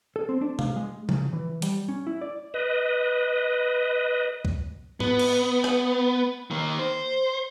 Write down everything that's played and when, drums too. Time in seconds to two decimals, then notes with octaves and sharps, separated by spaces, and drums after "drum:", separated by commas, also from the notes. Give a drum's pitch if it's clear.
0.16 A4
0.29 C4
0.41 D4
0.59 F5, drum: tom C3
0.76 G#3
1.09 C#3, drum: tom F3
1.33 E3
1.62 G3, drum: hi-hat
1.89 C#4
2.07 E4
2.21 D5
2.54 B4 D#5
4.45 drum: kick C2
5.00 B3, drum: tom G#2
5.19 drum: cymbal
5.64 drum: rim click
6.51 D#3 A#3
6.79 C5